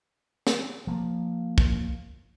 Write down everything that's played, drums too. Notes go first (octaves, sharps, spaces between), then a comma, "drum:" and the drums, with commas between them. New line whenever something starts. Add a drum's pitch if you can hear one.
drum: snare
F3 A#3
drum: kick